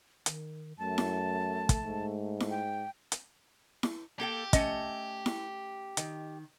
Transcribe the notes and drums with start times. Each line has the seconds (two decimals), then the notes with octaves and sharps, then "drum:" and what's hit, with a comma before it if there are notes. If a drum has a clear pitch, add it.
0.26 D#3, drum: hi-hat
0.79 F#2 A3 A5
0.98 drum: snare E4
1.69 drum: kick, hi-hat
1.82 G#2
2.40 drum: snare E4
2.50 G5
3.12 drum: hi-hat
3.83 drum: snare E4
4.20 A#3 G4 A4 G5
4.53 A3 C#4 D#5, drum: kick, hi-hat
5.26 drum: snare E4
5.97 D#3, drum: hi-hat